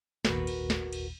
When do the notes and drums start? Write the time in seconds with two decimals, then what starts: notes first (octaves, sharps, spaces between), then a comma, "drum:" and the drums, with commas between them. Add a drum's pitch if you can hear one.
0.25 G#1 D#2 A#2 F#4 A#4 B4, drum: snare
0.47 drum: cymbal
0.70 drum: snare
0.93 drum: cymbal